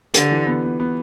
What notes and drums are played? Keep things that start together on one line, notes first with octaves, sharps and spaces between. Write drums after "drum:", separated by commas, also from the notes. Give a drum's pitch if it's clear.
D3 G4, drum: hi-hat
E3
B3
B3
B3